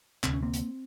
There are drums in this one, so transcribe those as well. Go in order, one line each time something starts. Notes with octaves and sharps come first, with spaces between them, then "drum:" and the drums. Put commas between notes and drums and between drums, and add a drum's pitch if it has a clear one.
D2 C3 C4, drum: clap
C#4
A#3 C4
drum: hi-hat